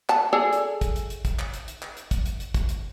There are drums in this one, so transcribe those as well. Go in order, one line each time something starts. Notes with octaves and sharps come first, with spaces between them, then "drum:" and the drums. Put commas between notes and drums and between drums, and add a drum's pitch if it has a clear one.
A5, drum: clap
G#4 A4 D5
drum: hi-hat
drum: kick, hi-hat
drum: hi-hat
drum: hi-hat
drum: kick, hi-hat
drum: clap
drum: hi-hat
drum: hi-hat
drum: clap
drum: hi-hat
drum: kick, hi-hat
drum: hi-hat
drum: hi-hat
drum: kick, hi-hat
drum: hi-hat